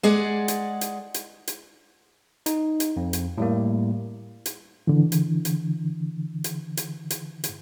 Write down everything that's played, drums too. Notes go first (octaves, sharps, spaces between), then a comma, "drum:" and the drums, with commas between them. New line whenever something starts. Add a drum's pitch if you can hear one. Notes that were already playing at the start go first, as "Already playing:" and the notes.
G#3 G#4 D5 F#5
drum: hi-hat
drum: hi-hat
drum: hi-hat
drum: hi-hat
D#4, drum: hi-hat
drum: hi-hat
F2
drum: hi-hat
A2 G3 A#3
drum: hi-hat
D3 E3
drum: hi-hat
drum: hi-hat
drum: hi-hat
drum: hi-hat
drum: hi-hat
drum: hi-hat